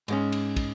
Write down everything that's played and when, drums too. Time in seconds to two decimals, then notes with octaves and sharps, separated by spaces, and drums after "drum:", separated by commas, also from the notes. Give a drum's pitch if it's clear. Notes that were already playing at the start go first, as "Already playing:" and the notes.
0.08 G#2 G#3 C#4, drum: cymbal
0.32 drum: cymbal
0.56 drum: kick, cymbal